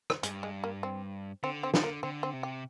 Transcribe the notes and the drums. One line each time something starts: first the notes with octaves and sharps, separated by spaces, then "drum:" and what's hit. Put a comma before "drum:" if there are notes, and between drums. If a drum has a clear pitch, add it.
drum: rim click
G2 G#3, drum: hi-hat
G#3
A#3
C4
D3 C4
C4
D3, drum: snare
A#3
D3 C4
C4
C3
G4